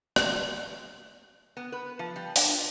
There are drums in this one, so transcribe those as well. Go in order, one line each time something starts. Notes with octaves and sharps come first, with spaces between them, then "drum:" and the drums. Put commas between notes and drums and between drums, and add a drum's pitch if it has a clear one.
drum: rim click
B3
B4
F3
G3
D4, drum: open hi-hat
F4